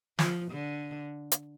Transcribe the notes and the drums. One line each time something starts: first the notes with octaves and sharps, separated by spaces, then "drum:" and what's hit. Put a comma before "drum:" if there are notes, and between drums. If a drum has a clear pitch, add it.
F3, drum: snare
D3
drum: hi-hat